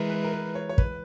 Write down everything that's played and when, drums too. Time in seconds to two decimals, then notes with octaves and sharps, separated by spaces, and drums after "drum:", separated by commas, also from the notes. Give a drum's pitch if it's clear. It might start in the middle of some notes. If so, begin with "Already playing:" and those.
Already playing: E3 G#3 A#4
0.10 B4
0.24 A#4
0.32 B4
0.55 C#5
0.69 C#5
0.78 B4, drum: kick